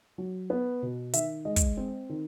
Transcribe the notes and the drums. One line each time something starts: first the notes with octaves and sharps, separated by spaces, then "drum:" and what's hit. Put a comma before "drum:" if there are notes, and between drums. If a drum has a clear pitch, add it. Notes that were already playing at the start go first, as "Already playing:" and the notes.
F#3
B3
B2
D#3 E5, drum: hi-hat
G#3 D#5
drum: kick, hi-hat
C4
D#3